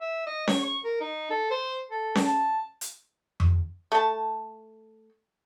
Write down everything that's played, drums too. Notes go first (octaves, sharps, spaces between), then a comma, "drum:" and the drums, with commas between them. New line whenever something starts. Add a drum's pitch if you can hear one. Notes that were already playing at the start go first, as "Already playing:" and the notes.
E5
D#5
C#5, drum: snare C#4
C#6
A#4
D#4
A4
C5
A4
drum: snare C#4
A5
drum: hi-hat
drum: tom F2
A3 A5